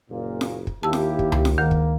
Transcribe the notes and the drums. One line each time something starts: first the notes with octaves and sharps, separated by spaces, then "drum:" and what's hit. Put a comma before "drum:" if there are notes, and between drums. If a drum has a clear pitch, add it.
F#1 A#2
drum: snare
drum: kick
D#2 A#3 E4 G4 A5 E6
drum: snare
drum: kick
drum: tom C#2
drum: snare
D2 G#2 D#3 A#3
drum: kick